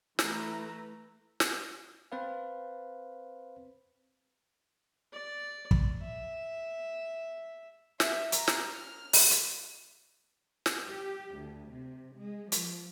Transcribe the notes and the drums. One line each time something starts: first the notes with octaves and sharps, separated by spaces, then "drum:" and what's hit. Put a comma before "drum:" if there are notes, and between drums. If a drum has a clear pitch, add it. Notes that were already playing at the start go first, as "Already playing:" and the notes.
E3 A3 B4 A#5, drum: snare
drum: snare
C4 B4 C5 F5
D5
drum: kick
E5
E5, drum: snare
A#5, drum: hi-hat
drum: snare
F6
drum: open hi-hat
drum: hi-hat
drum: snare
G4
D2
C3
G#3
F3, drum: hi-hat